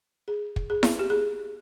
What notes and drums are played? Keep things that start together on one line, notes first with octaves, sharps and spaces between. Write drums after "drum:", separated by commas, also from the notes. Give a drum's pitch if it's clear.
G#4
drum: kick
G#4
drum: snare E4
G4
G#4